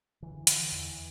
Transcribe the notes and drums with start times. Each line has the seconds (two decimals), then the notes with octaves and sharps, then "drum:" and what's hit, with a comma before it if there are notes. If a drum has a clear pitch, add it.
0.22 D3 E3
0.47 D3, drum: hi-hat
0.60 E3
0.72 E2